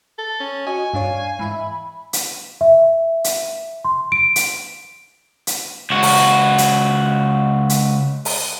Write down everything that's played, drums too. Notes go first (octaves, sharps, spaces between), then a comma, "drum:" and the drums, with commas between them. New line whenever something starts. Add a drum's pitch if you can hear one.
A4
C#4
F#4 D#5 G#5 C#6
G2 D4 C#5 F5
G#2 E3 E5 B5
drum: hi-hat
E5
drum: hi-hat
C6
D7
drum: hi-hat
drum: hi-hat
C#2 F#4
drum: open hi-hat
drum: hi-hat
drum: hi-hat
drum: open hi-hat